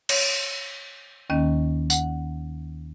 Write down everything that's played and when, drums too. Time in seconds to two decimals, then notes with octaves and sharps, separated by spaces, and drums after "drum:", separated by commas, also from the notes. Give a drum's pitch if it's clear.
0.09 C#5, drum: cymbal
1.30 D#2 D#3 A#3 C#4 D#5
1.90 F#5, drum: tambourine